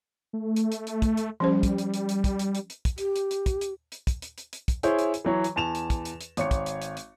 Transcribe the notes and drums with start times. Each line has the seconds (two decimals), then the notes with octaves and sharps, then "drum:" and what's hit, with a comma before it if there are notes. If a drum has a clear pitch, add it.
0.33 A3
0.56 drum: hi-hat
0.72 drum: hi-hat
0.87 drum: hi-hat
1.02 drum: kick, hi-hat
1.17 drum: hi-hat
1.40 F3 G3 C#4 C5
1.63 drum: kick, hi-hat
1.78 drum: hi-hat
1.94 drum: hi-hat
2.09 drum: hi-hat
2.24 drum: kick, hi-hat
2.39 drum: hi-hat
2.55 drum: hi-hat
2.70 drum: hi-hat
2.85 drum: kick, hi-hat
2.98 G4, drum: hi-hat
3.16 drum: hi-hat
3.31 drum: hi-hat
3.46 drum: kick, hi-hat
3.61 drum: hi-hat
3.92 drum: hi-hat
4.07 drum: kick, hi-hat
4.22 drum: hi-hat
4.38 drum: hi-hat
4.53 drum: hi-hat
4.68 drum: kick, hi-hat
4.83 E4 G#4 C5 C#5, drum: hi-hat
4.99 drum: hi-hat
5.14 drum: hi-hat
5.25 E3 F#3 C#5
5.44 drum: hi-hat
5.56 E2 A5 E7 F7
5.75 drum: hi-hat
5.90 drum: kick, hi-hat
6.05 drum: hi-hat
6.21 drum: hi-hat
6.37 G#1 C#5 C#7, drum: hi-hat
6.51 drum: kick, hi-hat
6.66 drum: hi-hat
6.82 drum: hi-hat
6.97 drum: hi-hat